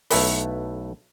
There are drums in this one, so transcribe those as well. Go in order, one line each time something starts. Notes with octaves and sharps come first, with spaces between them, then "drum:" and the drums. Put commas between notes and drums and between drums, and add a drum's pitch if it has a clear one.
B1 A3 E4 B4, drum: open hi-hat